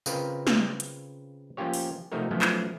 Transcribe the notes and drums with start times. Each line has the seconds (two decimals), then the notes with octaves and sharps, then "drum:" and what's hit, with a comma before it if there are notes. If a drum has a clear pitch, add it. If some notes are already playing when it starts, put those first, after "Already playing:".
0.06 C#3 C4 F4 A#4 B4, drum: tambourine
0.47 drum: snare
0.80 drum: hi-hat
1.57 F3 A#3 C#4 F4 G4 C#5
1.73 drum: open hi-hat
2.12 C3 F3 A3 D#4 F#4 A#4
2.31 F3 F#3 A3 B3 C#4
2.42 drum: clap